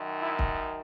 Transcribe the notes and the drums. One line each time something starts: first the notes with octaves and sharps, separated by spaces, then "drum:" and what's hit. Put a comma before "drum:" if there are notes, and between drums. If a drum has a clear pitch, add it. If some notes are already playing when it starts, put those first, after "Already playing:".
Already playing: F#2 D#3
E4
drum: kick